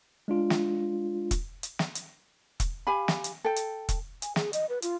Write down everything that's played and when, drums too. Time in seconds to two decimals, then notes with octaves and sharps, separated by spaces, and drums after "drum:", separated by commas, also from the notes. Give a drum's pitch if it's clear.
0.28 G#3 D4 F4
0.50 drum: snare
1.31 drum: kick E1, hi-hat
1.63 drum: hi-hat
1.79 drum: snare
1.95 drum: hi-hat
2.60 drum: kick E1, hi-hat
2.87 G4 F5 G#5 B5
3.08 drum: snare
3.24 drum: hi-hat
3.45 A4 G5
3.56 drum: hi-hat
3.89 drum: kick E1, hi-hat
4.22 G#5, drum: hi-hat
4.36 G#4, drum: snare
4.53 D#5, drum: hi-hat
4.69 B4
4.82 F4, drum: hi-hat